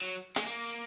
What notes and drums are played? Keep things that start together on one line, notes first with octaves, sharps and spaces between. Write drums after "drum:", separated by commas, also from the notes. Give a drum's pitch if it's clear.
F#3
G#3, drum: hi-hat
A#3